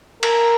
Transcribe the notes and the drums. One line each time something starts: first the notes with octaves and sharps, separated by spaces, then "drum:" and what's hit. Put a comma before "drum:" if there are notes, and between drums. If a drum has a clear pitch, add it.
A#4, drum: cymbal